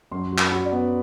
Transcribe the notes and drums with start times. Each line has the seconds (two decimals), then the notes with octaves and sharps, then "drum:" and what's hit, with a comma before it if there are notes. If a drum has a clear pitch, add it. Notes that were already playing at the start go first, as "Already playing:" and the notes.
0.11 F#2 C6
0.33 F#3
0.38 B5, drum: clap
0.52 F#3
0.65 D5
0.72 B3